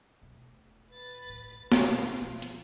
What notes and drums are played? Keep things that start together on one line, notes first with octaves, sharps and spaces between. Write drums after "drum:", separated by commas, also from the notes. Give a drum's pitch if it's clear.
E1 A3
B4 A6
A1 A2
B2 F4, drum: snare
F3
drum: hi-hat